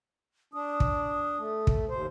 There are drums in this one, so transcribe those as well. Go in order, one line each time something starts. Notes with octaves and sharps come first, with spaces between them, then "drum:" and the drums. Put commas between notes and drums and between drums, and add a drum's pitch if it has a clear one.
D4 D#6
drum: kick
A3
drum: kick
D#2 C5